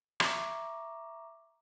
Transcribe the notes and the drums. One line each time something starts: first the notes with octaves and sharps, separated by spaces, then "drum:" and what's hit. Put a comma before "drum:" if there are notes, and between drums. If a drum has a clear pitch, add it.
E5 A#5 C#6 D6, drum: rim click